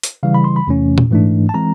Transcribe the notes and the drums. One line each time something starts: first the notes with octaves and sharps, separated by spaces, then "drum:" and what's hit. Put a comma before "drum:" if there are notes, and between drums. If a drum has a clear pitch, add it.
drum: hi-hat
C#3 E3 G3 F5
B5
C6
B5
E2 C3 E3 A3 C#4
drum: tom A#2
G#2 E3 A3 D4
A5
E3 G#3 C4 A#5